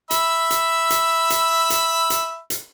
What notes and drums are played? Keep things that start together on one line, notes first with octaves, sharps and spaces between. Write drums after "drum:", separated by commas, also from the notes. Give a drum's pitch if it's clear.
E5 B5 E6, drum: hi-hat
drum: hi-hat
drum: hi-hat
drum: hi-hat
drum: hi-hat
drum: hi-hat
drum: hi-hat